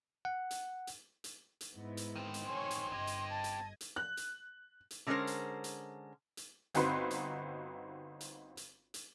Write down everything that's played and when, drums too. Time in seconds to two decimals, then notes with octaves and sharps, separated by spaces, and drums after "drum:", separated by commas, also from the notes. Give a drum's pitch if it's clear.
0.25 F#5
0.51 drum: hi-hat
0.87 drum: hi-hat
1.24 drum: hi-hat
1.61 drum: hi-hat
1.74 G#2 B3 E4
1.97 drum: hi-hat
2.16 D#3 C4
2.34 drum: hi-hat
2.46 C#5 G#5 C6 C#6
2.71 drum: hi-hat
2.93 G1 C4 G4 D#5 G#6
3.07 drum: hi-hat
3.30 A5
3.44 drum: hi-hat
3.81 drum: hi-hat
3.96 F#6
4.17 drum: hi-hat
4.91 drum: hi-hat
5.07 D3 G#3 C#4 F4 A#4 C5
5.27 drum: hi-hat
5.64 drum: hi-hat
6.37 drum: hi-hat
6.75 G1 C4 D#4 F#4 B4 C6, drum: hi-hat
7.11 drum: hi-hat
8.21 drum: hi-hat
8.57 drum: hi-hat
8.94 drum: hi-hat